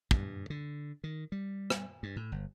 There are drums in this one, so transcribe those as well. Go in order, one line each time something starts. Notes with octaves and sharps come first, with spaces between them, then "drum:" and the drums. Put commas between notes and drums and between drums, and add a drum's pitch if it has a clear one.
G2, drum: kick
D3
D#3
G3
drum: rim click
G2
A2
G1